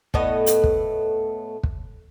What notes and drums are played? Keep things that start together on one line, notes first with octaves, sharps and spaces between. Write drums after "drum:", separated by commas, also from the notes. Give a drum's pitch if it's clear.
A2 A3 B3 D#5, drum: kick
drum: hi-hat
drum: kick
drum: kick